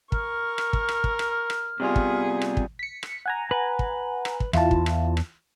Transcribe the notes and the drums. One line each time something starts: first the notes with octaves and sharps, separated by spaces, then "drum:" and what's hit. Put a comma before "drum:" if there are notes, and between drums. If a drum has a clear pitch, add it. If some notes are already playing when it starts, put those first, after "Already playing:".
A#4 C#6 F6, drum: kick
drum: rim click
drum: kick
drum: rim click
drum: kick
drum: rim click
drum: rim click
C3 G3 B3 F4 G#4
drum: kick
drum: rim click
drum: kick
B6 C#7
drum: rim click
F#5 G#5 A#5
B4
drum: kick
drum: rim click
drum: kick
E2 E4 F4 A5, drum: rim click
drum: kick
drum: rim click
drum: rim click